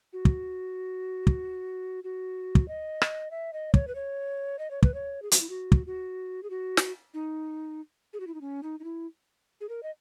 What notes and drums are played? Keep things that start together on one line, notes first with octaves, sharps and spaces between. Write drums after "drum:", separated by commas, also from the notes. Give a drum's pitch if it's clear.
F#4
drum: kick
drum: kick
F#4
drum: kick
D#5
drum: rim click
E5
D#5
C#5, drum: kick
B4
C#5
D#5
C#5
B4, drum: kick
C#5
G#4
F#4, drum: hi-hat
E4
F#4
drum: kick
F#4
G#4
F#4
drum: snare
D#4
G#4
F#4
E4
D#4
C#4
D#4
D#4
E4
G#4
A#4
D#5